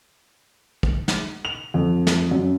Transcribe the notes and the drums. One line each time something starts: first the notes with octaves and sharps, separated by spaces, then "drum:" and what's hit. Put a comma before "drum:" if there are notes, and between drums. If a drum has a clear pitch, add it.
drum: kick
drum: snare
F7
F2
drum: snare
F#2